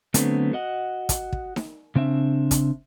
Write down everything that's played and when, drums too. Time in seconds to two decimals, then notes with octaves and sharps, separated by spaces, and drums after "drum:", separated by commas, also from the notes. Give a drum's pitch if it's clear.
0.14 D3 F#3 A3 B3 C4, drum: hi-hat
0.53 F#4 D#5 F#5
1.09 drum: kick, hi-hat
1.33 drum: kick
1.56 drum: snare D#4
1.95 C#3 C4 D4 E5
2.51 drum: kick, hi-hat